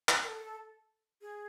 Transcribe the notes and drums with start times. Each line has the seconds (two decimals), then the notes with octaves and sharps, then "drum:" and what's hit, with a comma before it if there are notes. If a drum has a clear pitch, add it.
0.09 drum: clap
0.23 A#4
0.28 A4
1.22 G#4